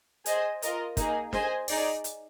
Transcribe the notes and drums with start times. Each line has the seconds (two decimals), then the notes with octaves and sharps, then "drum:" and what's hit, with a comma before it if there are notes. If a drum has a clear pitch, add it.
0.26 G#4 C5 D#5 G#5, drum: hi-hat
0.62 F4 A#4 D#5, drum: hi-hat
0.97 A#3 D#4 G#4, drum: kick, hi-hat
1.33 G#4 C5 D#5 G#5, drum: snare
1.68 D#4 G#4 D5, drum: open hi-hat
2.04 drum: hi-hat